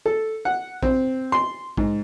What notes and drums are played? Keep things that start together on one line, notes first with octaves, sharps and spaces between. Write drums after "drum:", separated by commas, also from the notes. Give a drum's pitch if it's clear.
A4
F#5
C4, drum: kick
C6
G#2, drum: kick